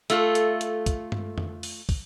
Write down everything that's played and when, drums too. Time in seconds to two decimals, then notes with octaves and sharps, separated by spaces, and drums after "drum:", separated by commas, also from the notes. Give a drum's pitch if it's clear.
0.10 A3 F4 A4, drum: hi-hat
0.35 drum: hi-hat
0.61 drum: hi-hat
0.86 drum: kick, hi-hat
1.12 drum: tom G2
1.38 drum: tom F2
1.63 drum: open hi-hat
1.89 drum: kick, open hi-hat